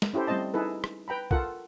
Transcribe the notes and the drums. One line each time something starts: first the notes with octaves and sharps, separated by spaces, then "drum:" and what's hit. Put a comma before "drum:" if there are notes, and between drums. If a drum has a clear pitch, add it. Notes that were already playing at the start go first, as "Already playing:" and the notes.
drum: snare
C#4 E4 G4 A4 C5
G3 A3 C4 C5 D#5 A5
D#4 E4 G#4 A4 B4
drum: rim click
B4 G5 A#5 B5
F4 A4 A#4 F#5, drum: kick